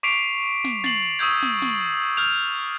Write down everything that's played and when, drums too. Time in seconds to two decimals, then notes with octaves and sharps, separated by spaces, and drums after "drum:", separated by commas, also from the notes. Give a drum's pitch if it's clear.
0.03 C#6 D6 B6 C7 D7 F7
0.64 drum: snare
0.84 A6 C7 F#7, drum: snare
1.19 C#6 D#6 E6 G6 G#6
1.42 drum: snare
1.62 drum: snare
2.17 F6 G6 F7